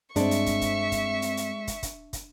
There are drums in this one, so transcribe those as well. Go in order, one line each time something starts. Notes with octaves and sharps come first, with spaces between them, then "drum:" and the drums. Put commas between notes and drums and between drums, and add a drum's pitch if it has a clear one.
G2 G#3 C4 D4 E5 C#6, drum: hi-hat
drum: hi-hat
drum: kick, hi-hat
drum: kick, hi-hat
drum: kick, hi-hat
drum: hi-hat
drum: hi-hat
drum: kick, hi-hat
drum: kick, hi-hat
drum: kick, hi-hat